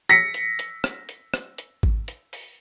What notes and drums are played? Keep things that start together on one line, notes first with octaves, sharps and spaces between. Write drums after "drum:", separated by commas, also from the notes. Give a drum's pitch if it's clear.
A#6 B6 C#7, drum: hi-hat
drum: hi-hat
drum: hi-hat
drum: rim click
drum: hi-hat
drum: rim click
drum: hi-hat
drum: kick G#1
drum: hi-hat
drum: open hi-hat